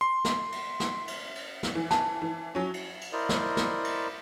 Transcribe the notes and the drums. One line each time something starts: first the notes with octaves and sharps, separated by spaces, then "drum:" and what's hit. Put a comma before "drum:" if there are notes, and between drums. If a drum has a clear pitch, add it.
C6
drum: snare
drum: cymbal
drum: snare
drum: cymbal
drum: cymbal
drum: snare
E3
A5, drum: snare
E3
F#3 C#4
drum: cymbal
drum: cymbal
E4 A#4 C5 D5 D#5
drum: snare
drum: snare
drum: cymbal